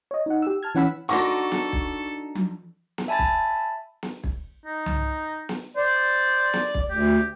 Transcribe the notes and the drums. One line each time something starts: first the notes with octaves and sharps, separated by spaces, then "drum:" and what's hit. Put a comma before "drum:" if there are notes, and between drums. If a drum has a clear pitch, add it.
C#5 D#5
D#4 F#5
G4 E6
A5 F6 G#6
E3 C#4 F#5 B5 E6 B6
D4 D#4 F#4 A4 F#5 C#6 D6 A#6
drum: snare
drum: kick
drum: tom F3
drum: snare
E5 G#5 A5 B5 A6
drum: kick
drum: snare
drum: kick
D#4
drum: tom C2
drum: snare
C5 D5
drum: snare
drum: kick
D2 G4